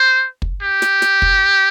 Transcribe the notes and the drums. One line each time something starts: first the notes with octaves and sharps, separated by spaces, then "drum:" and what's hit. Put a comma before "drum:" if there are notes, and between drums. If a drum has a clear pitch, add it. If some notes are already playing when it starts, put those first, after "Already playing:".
Already playing: C5
drum: kick
G4
drum: snare
drum: snare
drum: kick